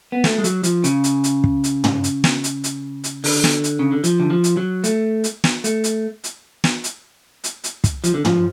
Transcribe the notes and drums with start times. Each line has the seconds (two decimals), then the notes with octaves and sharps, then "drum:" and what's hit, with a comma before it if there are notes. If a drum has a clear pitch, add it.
0.12 B3
0.24 A3, drum: snare
0.38 G#3
0.44 F#3, drum: hi-hat
0.63 F3, drum: hi-hat
0.84 C#3, drum: hi-hat
1.04 drum: hi-hat
1.24 drum: hi-hat
1.44 drum: kick
1.64 drum: hi-hat
1.84 drum: tom
2.04 drum: hi-hat
2.24 drum: snare
2.44 drum: hi-hat
2.64 drum: hi-hat
3.04 drum: hi-hat
3.24 D3, drum: open hi-hat
3.44 drum: snare
3.64 drum: hi-hat
3.79 C#3
3.92 D3
4.04 F3, drum: hi-hat
4.20 D3
4.30 F3
4.44 drum: hi-hat
4.57 F#3
4.84 A3, drum: hi-hat
5.24 drum: hi-hat
5.44 drum: snare
5.64 A3, drum: hi-hat
5.84 drum: hi-hat
6.24 drum: hi-hat
6.64 drum: snare
6.84 drum: hi-hat
7.44 drum: hi-hat
7.64 drum: hi-hat
7.84 drum: kick, hi-hat
8.04 F3, drum: hi-hat
8.14 D3
8.25 F3, drum: tom